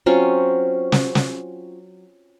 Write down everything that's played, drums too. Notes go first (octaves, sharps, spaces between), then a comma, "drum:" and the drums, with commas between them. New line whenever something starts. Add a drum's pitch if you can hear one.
F#3 C4 C#4 F4
drum: snare
drum: snare